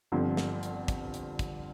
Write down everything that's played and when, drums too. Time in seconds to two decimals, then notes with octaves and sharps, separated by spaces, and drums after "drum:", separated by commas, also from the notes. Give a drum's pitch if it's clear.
0.12 G1 G2 D3 F3 C4
0.37 drum: snare
0.63 drum: hi-hat
0.88 drum: kick, hi-hat
1.14 drum: hi-hat
1.39 drum: kick, hi-hat